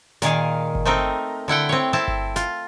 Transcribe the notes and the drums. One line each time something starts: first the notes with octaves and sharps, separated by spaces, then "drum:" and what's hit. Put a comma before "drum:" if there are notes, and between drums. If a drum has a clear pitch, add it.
A#2 D#3 G#4 F5, drum: snare
drum: kick G1
A3 C4 D#4 A#4
D3 E4 F#5 G5
C4 C#5
C4 E4 A5
drum: kick G1
F4, drum: snare